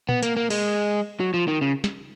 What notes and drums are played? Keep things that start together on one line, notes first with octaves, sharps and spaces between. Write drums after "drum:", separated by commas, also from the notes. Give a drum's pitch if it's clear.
B3, drum: tom A#2
A#3, drum: hi-hat
A#3
G#3, drum: cymbal
F#3
F3
D#3
C#3
drum: snare